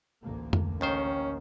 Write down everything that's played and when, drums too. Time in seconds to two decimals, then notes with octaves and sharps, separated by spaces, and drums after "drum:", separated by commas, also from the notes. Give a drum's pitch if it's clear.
0.23 A1 D2 A#3
0.53 drum: tom F2
0.81 D#2 D#3 C#4 C5